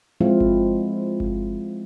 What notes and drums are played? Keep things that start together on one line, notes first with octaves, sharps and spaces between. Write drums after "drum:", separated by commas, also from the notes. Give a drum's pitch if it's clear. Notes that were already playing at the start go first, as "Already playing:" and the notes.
F3 G#3 C4 E4 F4
drum: kick G1
drum: kick G1